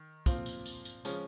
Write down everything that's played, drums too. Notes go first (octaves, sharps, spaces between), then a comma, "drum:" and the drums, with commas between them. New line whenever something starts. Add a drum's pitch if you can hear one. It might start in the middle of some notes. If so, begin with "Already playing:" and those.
Already playing: D#3
A#2 F3 C4 F4, drum: kick, tambourine
drum: tambourine
drum: tambourine
drum: tambourine
C#3 F3 G#3 C#4, drum: tambourine